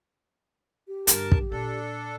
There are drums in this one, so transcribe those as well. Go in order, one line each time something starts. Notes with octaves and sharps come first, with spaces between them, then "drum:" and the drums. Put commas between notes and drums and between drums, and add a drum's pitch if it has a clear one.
G4
G2 D3 A#4 A5, drum: hi-hat
drum: kick
A#2 D4 A4